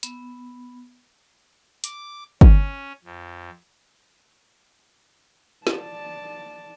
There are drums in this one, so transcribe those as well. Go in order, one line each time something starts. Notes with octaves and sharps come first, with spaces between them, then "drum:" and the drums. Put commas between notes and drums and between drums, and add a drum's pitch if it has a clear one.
B3, drum: hi-hat
D6, drum: hi-hat
C#4, drum: kick G1
F2
D5 A5, drum: snare